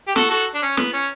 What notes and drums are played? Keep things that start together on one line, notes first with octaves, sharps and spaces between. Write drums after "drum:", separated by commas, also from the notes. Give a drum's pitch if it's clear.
G4
F#4 A4, drum: snare
F#4 A4
D4
C#4
B3, drum: snare
C#4